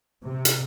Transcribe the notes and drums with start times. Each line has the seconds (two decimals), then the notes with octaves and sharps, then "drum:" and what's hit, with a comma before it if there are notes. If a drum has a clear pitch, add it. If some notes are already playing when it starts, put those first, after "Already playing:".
0.23 C3
0.45 drum: hi-hat